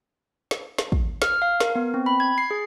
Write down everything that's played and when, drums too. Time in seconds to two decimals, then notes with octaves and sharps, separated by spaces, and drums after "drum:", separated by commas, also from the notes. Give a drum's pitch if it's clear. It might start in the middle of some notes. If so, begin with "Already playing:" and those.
0.51 drum: snare
0.78 drum: snare
0.92 drum: kick
1.22 F6, drum: snare
1.42 F5
1.60 A#4, drum: snare
1.75 B3
1.94 C4
2.06 B5
2.20 G#6
2.38 C7
2.51 G#4